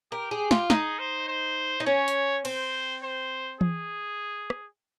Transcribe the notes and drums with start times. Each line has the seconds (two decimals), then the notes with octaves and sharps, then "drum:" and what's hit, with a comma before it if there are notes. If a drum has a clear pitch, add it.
0.12 G4 A#4
0.31 G#4
0.51 F4, drum: snare
0.70 D#4 G#4, drum: snare
0.99 C5
1.28 C5
1.80 D#4
1.86 C#4 C#5
2.08 drum: hi-hat
2.45 C4 C5, drum: cymbal
3.02 C5
3.61 G#4, drum: tom E3
4.50 drum: rim click